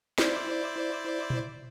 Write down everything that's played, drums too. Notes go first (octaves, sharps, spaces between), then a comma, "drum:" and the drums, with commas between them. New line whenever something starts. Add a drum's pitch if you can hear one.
E4 C5 D5, drum: snare
drum: tom A#2